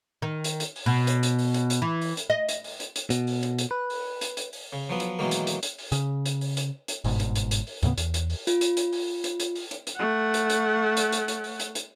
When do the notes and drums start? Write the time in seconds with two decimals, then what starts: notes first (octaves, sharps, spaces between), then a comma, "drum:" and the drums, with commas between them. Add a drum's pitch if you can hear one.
0.22 D#3
0.44 drum: hi-hat
0.60 drum: hi-hat
0.76 drum: open hi-hat
0.86 B2
1.07 drum: hi-hat
1.23 drum: hi-hat
1.39 drum: open hi-hat
1.54 drum: hi-hat
1.70 drum: hi-hat
1.82 E3
2.01 drum: open hi-hat
2.17 drum: hi-hat
2.30 D#5
2.49 drum: hi-hat
2.64 drum: open hi-hat
2.80 drum: hi-hat
2.96 drum: hi-hat
3.10 B2, drum: hi-hat
3.27 drum: open hi-hat
3.43 drum: hi-hat
3.58 drum: hi-hat
3.71 B4
3.90 drum: open hi-hat
4.21 drum: hi-hat
4.37 drum: hi-hat
4.53 drum: open hi-hat
4.73 C#3
4.89 F3 F#3 B3
5.00 drum: hi-hat
5.19 B2 D#3 E3 F#3 G#3 A#3
5.31 drum: hi-hat
5.47 drum: hi-hat
5.63 drum: hi-hat
5.78 drum: open hi-hat
5.92 C#3, drum: hi-hat
6.26 drum: hi-hat
6.41 drum: open hi-hat
6.57 drum: hi-hat
6.88 drum: hi-hat
7.04 G1 G#2 B2, drum: open hi-hat
7.20 drum: hi-hat
7.35 drum: hi-hat
7.51 drum: hi-hat
7.67 drum: open hi-hat
7.83 D#2 A2 C#3 B3, drum: hi-hat
7.98 E2, drum: hi-hat
8.14 drum: hi-hat
8.30 drum: open hi-hat
8.47 F4, drum: hi-hat
8.61 drum: hi-hat
8.77 drum: hi-hat
8.93 drum: open hi-hat
9.24 drum: hi-hat
9.40 drum: hi-hat
9.55 drum: open hi-hat
9.71 drum: hi-hat
9.87 drum: hi-hat
9.96 A3 F#5
10.34 drum: hi-hat
10.50 drum: hi-hat
10.97 drum: hi-hat
11.12 drum: hi-hat
11.28 drum: hi-hat
11.44 drum: open hi-hat
11.60 drum: hi-hat
11.75 drum: hi-hat